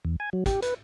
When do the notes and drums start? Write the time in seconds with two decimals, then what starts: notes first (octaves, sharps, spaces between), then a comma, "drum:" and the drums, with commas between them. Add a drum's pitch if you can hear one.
0.05 E2
0.20 G#5
0.33 F#3
0.46 G4, drum: kick, hi-hat
0.62 B4, drum: hi-hat